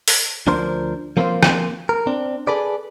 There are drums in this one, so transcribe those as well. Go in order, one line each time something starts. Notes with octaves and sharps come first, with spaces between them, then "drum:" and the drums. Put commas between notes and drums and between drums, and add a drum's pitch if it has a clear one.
drum: open hi-hat
D2 F3 D4 A#4 C5 C6
F3 A#3 C4 D#4 F4 C5
drum: rim click
A#4
C4 D4
G#4 A4 B4 D5